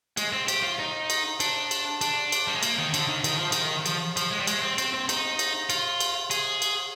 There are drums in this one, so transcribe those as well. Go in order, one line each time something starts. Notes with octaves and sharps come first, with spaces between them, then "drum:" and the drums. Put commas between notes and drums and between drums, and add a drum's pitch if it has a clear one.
G#3, drum: cymbal
C4
G4, drum: cymbal
F4
D#4
drum: cymbal
D4, drum: cymbal
drum: cymbal
D4, drum: cymbal
drum: cymbal
G3
G#3
A#3, drum: cymbal
D#3
D3, drum: cymbal
D#3
D#3, drum: cymbal
F3
D#3, drum: cymbal
F3, drum: cymbal
F3, drum: cymbal
G#3
G3
G#3, drum: cymbal
C4
C4, drum: cymbal
C4
D#4, drum: cymbal
drum: cymbal
F4, drum: cymbal
drum: cymbal
G#4, drum: cymbal
drum: cymbal